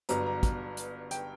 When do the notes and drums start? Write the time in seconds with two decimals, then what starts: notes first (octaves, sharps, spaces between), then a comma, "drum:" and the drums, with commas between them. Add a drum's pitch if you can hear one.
0.09 G1 G2 F#3 B3 A#5, drum: hi-hat
0.26 A#5
0.43 drum: kick, hi-hat
0.77 drum: hi-hat
1.11 G5, drum: hi-hat